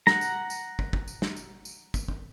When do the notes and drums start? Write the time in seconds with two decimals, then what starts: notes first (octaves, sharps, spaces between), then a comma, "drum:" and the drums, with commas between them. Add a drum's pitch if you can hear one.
0.07 F#5 A#5, drum: snare
0.21 drum: tambourine
0.50 drum: tambourine
0.79 drum: kick
0.93 drum: kick
1.08 drum: tambourine
1.22 drum: snare
1.36 drum: tambourine
1.65 drum: tambourine
1.94 drum: kick, tambourine
2.08 drum: kick